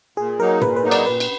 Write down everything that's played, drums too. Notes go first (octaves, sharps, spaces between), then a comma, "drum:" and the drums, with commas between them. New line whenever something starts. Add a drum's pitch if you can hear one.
A#2 G#4
F#3 A#3 D#4 A#4
A#2 B4, drum: tom
B4
F#3 A#3 D#4
D5, drum: cymbal
A#2 B4
drum: cymbal